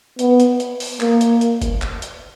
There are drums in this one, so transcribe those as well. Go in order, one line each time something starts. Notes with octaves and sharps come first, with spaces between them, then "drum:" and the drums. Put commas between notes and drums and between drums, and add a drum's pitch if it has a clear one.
B3, drum: hi-hat
drum: hi-hat
drum: hi-hat
drum: open hi-hat
A#3, drum: clap
drum: hi-hat
drum: hi-hat
drum: kick, hi-hat
drum: clap
drum: hi-hat